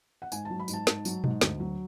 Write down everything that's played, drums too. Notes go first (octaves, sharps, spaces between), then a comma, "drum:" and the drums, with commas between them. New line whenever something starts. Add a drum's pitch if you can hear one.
F#5
G#2 G#5, drum: tambourine
A5
F#3
B5
G#2, drum: tambourine
A5
G#2, drum: snare
F#3, drum: tambourine
G#2, drum: tom B2
D2, drum: snare
F#3